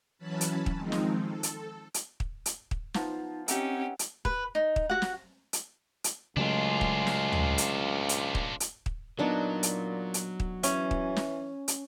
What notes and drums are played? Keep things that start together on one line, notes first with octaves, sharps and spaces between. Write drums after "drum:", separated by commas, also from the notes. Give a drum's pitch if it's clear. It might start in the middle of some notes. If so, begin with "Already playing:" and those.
E3 F#3 C#4 A5 B5
drum: hi-hat
drum: kick
D#3 F3 G#3 C4 D#4
drum: snare
A4
drum: hi-hat
drum: hi-hat
drum: kick
drum: hi-hat
drum: kick
F3 B3 D#4 A#5, drum: snare
C4 C#4 D#4 G4 E5 F#5, drum: hi-hat
drum: hi-hat
B4, drum: kick
D#4
drum: kick
F#4 F#5
drum: snare
drum: hi-hat
drum: hi-hat
C#2 C#3 F#3 G#3 A3 D4 F4
drum: kick
drum: snare
drum: tom
drum: hi-hat
drum: hi-hat
drum: kick
drum: hi-hat
drum: kick
A#2 F#3 B3 D4 D#4
drum: hi-hat
drum: hi-hat
drum: kick
E3 C#4, drum: hi-hat
drum: kick
drum: snare
drum: hi-hat